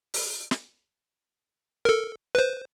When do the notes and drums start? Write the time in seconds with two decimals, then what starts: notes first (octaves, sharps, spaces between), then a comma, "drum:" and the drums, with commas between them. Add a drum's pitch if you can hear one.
0.14 drum: open hi-hat
0.51 drum: snare
1.85 A4 A#4
2.35 B4 C5